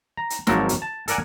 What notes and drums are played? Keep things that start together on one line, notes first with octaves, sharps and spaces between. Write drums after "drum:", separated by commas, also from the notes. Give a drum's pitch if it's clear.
A#5
drum: hi-hat
G#1 F3 F#3 A4 A#4, drum: snare
drum: hi-hat
A5
A4 A#4 D5 F#5 G#5, drum: hi-hat